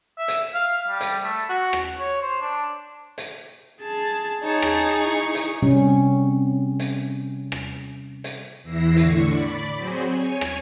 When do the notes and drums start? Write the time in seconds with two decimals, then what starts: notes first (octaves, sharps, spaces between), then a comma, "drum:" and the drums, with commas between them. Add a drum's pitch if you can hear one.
0.18 E5
0.28 drum: hi-hat
0.54 F5
0.88 G3
1.01 drum: hi-hat
1.23 A3
1.49 F#4
1.73 drum: rim click
1.99 C#5
2.22 C5
2.41 D4
3.18 drum: hi-hat
3.82 G#4 A5
4.44 D#4 G#4 C#5 A5
4.62 drum: rim click
4.97 E4 C#6
5.35 drum: hi-hat
5.62 C3 G3 C#4
6.79 drum: hi-hat
7.52 drum: rim click
8.24 drum: hi-hat
8.63 E2 E3 E4 E6 A#6 C7
8.97 A2 D3 C#6, drum: hi-hat
9.32 D5 B5
9.77 F#3 C4 F#4 G#4 C5
10.10 C#5 G#5
10.41 drum: rim click